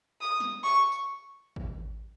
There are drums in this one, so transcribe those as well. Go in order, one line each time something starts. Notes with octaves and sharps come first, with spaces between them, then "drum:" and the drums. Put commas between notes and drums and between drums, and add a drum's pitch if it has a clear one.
D#6
drum: snare
C#6
drum: tambourine
drum: kick A1